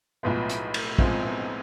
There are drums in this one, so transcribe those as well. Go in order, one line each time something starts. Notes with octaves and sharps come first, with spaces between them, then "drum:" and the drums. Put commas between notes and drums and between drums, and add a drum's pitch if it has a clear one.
B1 A2 F3 G#3 B3
drum: hi-hat
drum: cymbal
B1 A2 F3 G#3 C4, drum: kick
B3